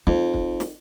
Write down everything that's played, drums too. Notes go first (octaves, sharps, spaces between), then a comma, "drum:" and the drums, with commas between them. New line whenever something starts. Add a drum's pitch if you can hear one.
F2 D#4
drum: kick
drum: snare